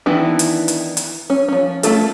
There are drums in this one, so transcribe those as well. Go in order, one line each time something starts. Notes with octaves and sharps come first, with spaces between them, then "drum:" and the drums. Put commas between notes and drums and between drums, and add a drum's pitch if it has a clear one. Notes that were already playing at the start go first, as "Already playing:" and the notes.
D#3 E3 B3 D4 E4
drum: hi-hat
drum: hi-hat
drum: hi-hat
C#4
F3 C#4
A3 C4 C#4 F4 A4, drum: hi-hat